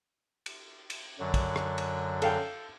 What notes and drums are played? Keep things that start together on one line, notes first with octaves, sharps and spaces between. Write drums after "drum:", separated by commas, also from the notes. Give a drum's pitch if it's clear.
drum: cymbal
drum: cymbal
F#2 D3 F#3
drum: kick, cymbal
drum: rim click
drum: cymbal
A4 F5 G5, drum: cymbal